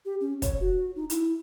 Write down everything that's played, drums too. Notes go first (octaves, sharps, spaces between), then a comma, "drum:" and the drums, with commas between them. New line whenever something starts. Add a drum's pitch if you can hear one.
G4
C#4
C#5, drum: kick, hi-hat
F#4
D#4
E4, drum: hi-hat